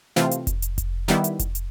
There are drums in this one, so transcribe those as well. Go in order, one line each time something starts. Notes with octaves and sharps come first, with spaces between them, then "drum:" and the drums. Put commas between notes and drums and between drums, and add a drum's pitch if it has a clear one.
C3 E3 A3 C4 F4, drum: snare
drum: hi-hat
drum: kick F1, hi-hat
drum: hi-hat
drum: kick F1, hi-hat
D#3 G3 B3 E4, drum: snare
drum: hi-hat
drum: kick F1, hi-hat
drum: hi-hat